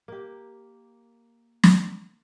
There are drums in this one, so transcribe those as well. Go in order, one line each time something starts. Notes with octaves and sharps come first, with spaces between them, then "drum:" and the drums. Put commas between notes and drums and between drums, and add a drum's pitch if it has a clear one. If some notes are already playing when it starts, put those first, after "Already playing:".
A#3 G4
drum: snare